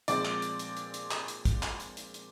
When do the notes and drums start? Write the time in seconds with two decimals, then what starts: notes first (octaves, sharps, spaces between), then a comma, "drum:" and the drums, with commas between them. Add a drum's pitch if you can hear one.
0.08 A#2 F3 G#3 C4 D5 D6, drum: hi-hat
0.25 drum: clap
0.42 drum: hi-hat
0.59 drum: hi-hat
0.77 drum: hi-hat
0.94 drum: hi-hat
1.11 drum: clap
1.28 drum: hi-hat
1.45 drum: kick, hi-hat
1.63 drum: clap
1.80 drum: hi-hat
1.97 drum: hi-hat
2.14 drum: hi-hat